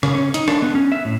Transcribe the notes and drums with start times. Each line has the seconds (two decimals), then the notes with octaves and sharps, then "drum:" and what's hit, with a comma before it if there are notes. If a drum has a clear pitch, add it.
0.03 C#3, drum: rim click
0.15 C#4
0.34 D#4, drum: hi-hat
0.48 D4, drum: rim click
0.62 B3
0.75 C#4
0.92 E5
1.05 A2